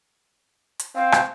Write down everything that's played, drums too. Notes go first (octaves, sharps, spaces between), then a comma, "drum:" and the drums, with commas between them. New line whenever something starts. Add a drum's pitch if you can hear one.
drum: hi-hat
C4 F5
drum: rim click